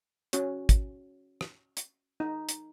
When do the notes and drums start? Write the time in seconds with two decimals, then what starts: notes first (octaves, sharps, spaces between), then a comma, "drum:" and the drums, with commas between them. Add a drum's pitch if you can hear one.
0.33 C#4 F#4 C#5, drum: hi-hat
0.69 drum: kick, hi-hat
1.41 drum: rim click
1.77 drum: hi-hat
2.20 D#4
2.49 drum: hi-hat